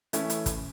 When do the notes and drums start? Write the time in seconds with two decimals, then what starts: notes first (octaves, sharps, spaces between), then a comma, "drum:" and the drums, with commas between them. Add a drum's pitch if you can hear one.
0.13 E3 A3 C#4 E4, drum: hi-hat
0.30 drum: hi-hat
0.46 drum: kick, hi-hat